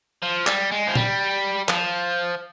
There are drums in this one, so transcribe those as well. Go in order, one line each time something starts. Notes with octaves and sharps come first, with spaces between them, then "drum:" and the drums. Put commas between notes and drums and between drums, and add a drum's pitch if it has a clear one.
F3
G3, drum: clap
G#3
F3
G3, drum: tom A#2
F3, drum: clap